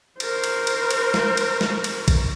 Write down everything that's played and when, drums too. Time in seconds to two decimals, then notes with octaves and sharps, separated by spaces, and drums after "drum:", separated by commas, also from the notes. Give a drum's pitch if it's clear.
0.20 A#4 C5, drum: cymbal
0.44 drum: cymbal
0.67 drum: cymbal
0.90 drum: cymbal
1.14 drum: snare
1.37 drum: cymbal
1.61 drum: snare
1.84 drum: cymbal
2.08 drum: kick A#1, cymbal